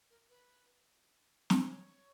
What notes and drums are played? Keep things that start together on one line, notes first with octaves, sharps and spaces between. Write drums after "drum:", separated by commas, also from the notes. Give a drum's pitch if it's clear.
A#4
B4
C#5, drum: snare
C5
C#5